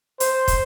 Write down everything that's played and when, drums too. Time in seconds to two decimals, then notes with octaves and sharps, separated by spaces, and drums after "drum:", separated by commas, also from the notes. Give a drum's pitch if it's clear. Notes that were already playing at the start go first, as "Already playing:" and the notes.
0.20 C5, drum: hi-hat
0.48 drum: kick, hi-hat